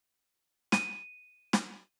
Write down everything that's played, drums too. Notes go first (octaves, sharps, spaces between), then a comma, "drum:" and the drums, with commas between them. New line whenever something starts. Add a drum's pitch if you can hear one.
D#7, drum: snare
drum: snare